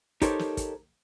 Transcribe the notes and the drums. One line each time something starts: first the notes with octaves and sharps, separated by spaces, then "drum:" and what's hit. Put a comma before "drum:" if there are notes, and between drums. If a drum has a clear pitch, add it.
D#4 G4 A4 A#4 C5 C#5, drum: kick, hi-hat
drum: snare
drum: kick, hi-hat